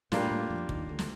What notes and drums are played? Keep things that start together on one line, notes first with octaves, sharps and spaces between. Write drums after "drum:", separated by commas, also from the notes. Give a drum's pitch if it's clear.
A2 G3 A3 A#3 D4 F4, drum: snare
A2 A3
F2 F3
D#2 D#3, drum: kick
D2 D3
drum: snare